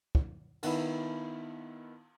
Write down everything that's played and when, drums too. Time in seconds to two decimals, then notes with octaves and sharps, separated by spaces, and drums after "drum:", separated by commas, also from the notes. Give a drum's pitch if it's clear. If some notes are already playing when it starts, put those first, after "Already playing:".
0.15 drum: kick
0.63 D#3 B3 E4 B5, drum: cymbal